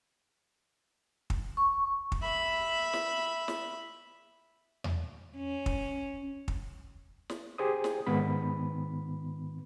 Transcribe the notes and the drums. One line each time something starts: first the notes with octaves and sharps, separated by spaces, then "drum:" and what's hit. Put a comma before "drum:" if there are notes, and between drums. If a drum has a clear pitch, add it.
drum: kick
C#6
drum: kick
E5 B5
drum: snare
drum: snare
drum: tom E2
C#4
drum: kick
drum: kick
drum: snare
G4 G#4 C5 D#6
drum: snare
G#2 D#3 B3 B5